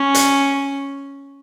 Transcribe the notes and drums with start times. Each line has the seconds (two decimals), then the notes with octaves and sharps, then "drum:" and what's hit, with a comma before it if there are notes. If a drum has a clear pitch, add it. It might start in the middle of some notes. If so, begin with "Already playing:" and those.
Already playing: C#4
0.15 drum: hi-hat